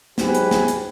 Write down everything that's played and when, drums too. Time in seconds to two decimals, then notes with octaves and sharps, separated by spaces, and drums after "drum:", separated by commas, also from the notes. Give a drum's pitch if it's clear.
0.18 G#2 F#3 G4 B4 G5 G#5, drum: snare
0.35 drum: hi-hat
0.51 drum: snare
0.68 drum: hi-hat